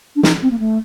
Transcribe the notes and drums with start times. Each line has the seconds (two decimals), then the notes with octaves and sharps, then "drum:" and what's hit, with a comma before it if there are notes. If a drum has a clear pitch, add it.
0.16 D4
0.23 D#4, drum: snare
0.42 C4
0.50 A#3
0.59 A3